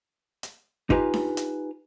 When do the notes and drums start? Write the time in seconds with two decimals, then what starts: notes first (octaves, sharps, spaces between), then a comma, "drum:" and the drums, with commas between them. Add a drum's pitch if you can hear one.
0.43 drum: hi-hat
0.90 D#4 F4 G4 B4 G#5, drum: kick
1.14 drum: snare D4
1.37 drum: hi-hat